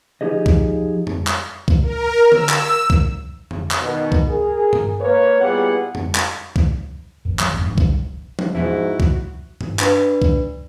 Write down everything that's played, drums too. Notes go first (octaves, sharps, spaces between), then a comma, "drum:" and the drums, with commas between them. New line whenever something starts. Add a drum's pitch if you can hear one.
F3 D#4 G4 G#4 D#5
drum: kick
drum: tom F2
drum: clap
drum: kick
A#4
E6, drum: tom D3
drum: clap
drum: kick
drum: tom F2
drum: clap
B2 D#3
drum: kick
G#4 A#4
drum: tom G2
A#3 B4 C#5
A#2 G3 B3 E4 G#4 F#5
drum: tom F2
drum: clap
drum: kick
A1 F#2
F#2 D#3 F#3, drum: clap
F#1 F2 G#2
F1 G2 D#3
F#1 B1 G2, drum: kick
drum: tom F3
E2 G#2 B2 F3 E4 F#4
drum: kick
drum: tom G2
D4 B4, drum: clap
drum: kick